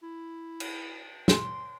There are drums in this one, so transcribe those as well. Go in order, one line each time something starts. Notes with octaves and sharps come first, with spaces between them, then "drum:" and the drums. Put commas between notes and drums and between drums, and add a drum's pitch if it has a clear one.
E4
drum: cymbal
C6, drum: snare